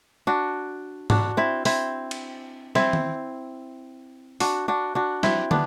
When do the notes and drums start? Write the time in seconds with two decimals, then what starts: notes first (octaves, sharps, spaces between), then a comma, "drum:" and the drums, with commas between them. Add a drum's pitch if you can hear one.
0.27 D4 F#4
1.10 D4 F#4, drum: tom G#2
1.37 C4 E4
1.65 C4 E4, drum: open hi-hat
2.11 drum: cymbal
2.75 C4 E4, drum: snare
2.93 drum: tom
4.40 D4 F#4, drum: open hi-hat
4.68 D4 F#4
4.95 D4 F#4
5.23 C4 E4, drum: snare
5.51 B3 D4, drum: tom